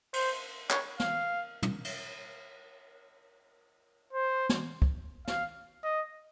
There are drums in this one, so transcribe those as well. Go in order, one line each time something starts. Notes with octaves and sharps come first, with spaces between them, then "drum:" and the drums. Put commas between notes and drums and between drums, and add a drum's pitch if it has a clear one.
C5, drum: cymbal
C#5, drum: clap
F5, drum: snare
drum: tom
drum: cymbal
C5
drum: snare
drum: kick
F5, drum: snare
D#5